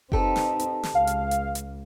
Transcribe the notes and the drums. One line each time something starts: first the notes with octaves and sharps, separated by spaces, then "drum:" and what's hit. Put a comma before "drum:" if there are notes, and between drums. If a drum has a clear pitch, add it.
C4 D#4 G4 A4 B4, drum: kick F#1
drum: snare
drum: hi-hat
drum: snare
C#2 F5
drum: hi-hat
drum: hi-hat
drum: hi-hat